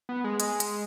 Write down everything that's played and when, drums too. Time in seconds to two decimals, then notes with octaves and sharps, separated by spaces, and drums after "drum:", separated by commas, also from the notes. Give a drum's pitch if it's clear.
0.09 B3
0.24 G#3
0.40 G#3, drum: hi-hat
0.60 drum: hi-hat